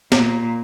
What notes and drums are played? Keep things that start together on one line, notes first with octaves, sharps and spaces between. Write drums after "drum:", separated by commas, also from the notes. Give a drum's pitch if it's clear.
A#2, drum: snare